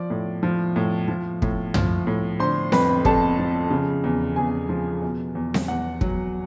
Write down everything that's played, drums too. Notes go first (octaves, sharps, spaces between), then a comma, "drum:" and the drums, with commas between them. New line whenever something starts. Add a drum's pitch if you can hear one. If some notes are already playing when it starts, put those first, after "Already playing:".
Already playing: F3 D5 D6
A2
F3
A2
F3
A2, drum: kick
F3, drum: tom
A2
D3 C5 C6
F2 B4 B5, drum: snare C4
F2 A4 A5, drum: kick
F3
C#3
E2
E2 G#4 G#5
F3
B2
E2
drum: snare C4
E2 F#5
F#3, drum: kick